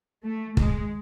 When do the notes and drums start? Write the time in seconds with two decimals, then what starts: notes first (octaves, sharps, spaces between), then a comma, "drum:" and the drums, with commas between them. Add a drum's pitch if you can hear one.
0.24 A3
0.57 G#3, drum: kick